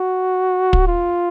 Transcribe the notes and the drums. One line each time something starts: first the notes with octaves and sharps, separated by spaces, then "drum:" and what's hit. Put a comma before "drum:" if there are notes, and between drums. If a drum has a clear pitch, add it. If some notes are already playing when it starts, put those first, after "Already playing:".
Already playing: F#4
drum: kick
F4